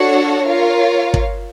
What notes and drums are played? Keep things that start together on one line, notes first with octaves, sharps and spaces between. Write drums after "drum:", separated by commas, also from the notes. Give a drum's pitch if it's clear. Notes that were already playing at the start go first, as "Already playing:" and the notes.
Already playing: D4 F#4 A4 C#5 F#5
F4 A#4 C#5 F5
drum: kick